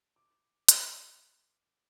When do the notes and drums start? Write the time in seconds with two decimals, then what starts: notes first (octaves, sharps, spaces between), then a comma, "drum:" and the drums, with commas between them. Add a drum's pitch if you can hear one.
0.16 D6
0.69 drum: hi-hat